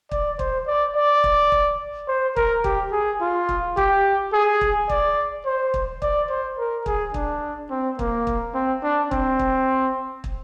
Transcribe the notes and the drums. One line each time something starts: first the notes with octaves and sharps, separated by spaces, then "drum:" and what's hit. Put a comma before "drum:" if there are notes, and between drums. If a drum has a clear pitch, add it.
D5, drum: kick
C5, drum: kick
D5
D5
drum: kick
drum: kick
C5
A#4, drum: kick
G4, drum: kick
G#4
F4
drum: kick
G4, drum: kick
G#4
drum: kick
D5, drum: kick
C5
drum: kick
D5, drum: kick
C5
A#4
G#4, drum: kick
D4, drum: kick
C4
A#3, drum: kick
drum: kick
C4
D4
C4, drum: kick
drum: kick
drum: kick